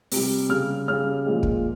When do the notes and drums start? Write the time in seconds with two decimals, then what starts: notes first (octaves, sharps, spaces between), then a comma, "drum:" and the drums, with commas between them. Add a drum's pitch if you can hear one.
0.12 C3 G3, drum: open hi-hat
0.49 C#3 G3 F6
0.88 C#3 G3 F6
1.26 A#2 F3 G#3
1.43 drum: kick